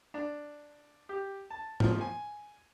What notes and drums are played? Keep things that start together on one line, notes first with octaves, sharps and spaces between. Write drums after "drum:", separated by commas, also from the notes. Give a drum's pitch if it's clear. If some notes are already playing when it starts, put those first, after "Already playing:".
D4
G4
A5
F3, drum: tom G#2
G#5